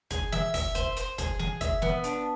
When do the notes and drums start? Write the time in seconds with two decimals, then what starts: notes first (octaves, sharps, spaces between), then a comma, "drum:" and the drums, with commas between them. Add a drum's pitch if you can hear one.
0.11 G#4, drum: kick, hi-hat
0.32 E5, drum: snare
0.54 E5, drum: kick, open hi-hat
0.75 C5, drum: kick, hi-hat
0.97 C5, drum: hi-hat
1.18 G#4, drum: kick, hi-hat
1.39 G#4, drum: snare
1.61 E5, drum: kick, hi-hat
1.82 B3, drum: snare
2.04 D4, drum: hi-hat